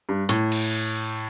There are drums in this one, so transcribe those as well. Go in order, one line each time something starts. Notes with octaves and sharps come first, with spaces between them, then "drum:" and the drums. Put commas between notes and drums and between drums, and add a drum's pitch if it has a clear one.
G2
A2, drum: hi-hat
drum: cymbal